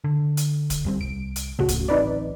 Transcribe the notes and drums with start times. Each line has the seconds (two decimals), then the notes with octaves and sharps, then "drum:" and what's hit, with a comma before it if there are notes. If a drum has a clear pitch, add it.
0.04 D3
0.37 drum: hi-hat
0.70 drum: kick, hi-hat
0.85 D2 G3 C4
1.01 C2 D7
1.36 drum: hi-hat
1.59 C#2 A2 C#3 A3 F#4
1.69 drum: kick, hi-hat
1.88 D1 A1 C4 D#4 B4 D5